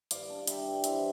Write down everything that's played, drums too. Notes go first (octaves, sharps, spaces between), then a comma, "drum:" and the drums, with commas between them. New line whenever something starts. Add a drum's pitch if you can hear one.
G2 D5 F5, drum: hi-hat
D4
G3 E5 G5, drum: hi-hat
G2
E3 C5 E5, drum: hi-hat